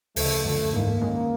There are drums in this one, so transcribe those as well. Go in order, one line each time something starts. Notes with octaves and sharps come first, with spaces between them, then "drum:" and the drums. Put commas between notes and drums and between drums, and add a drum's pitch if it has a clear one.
D2 C#3 F3 A3, drum: open hi-hat
F#2 D3 F3 A3
G#2 E3 G#3 A#3
D#3 G#3 C#4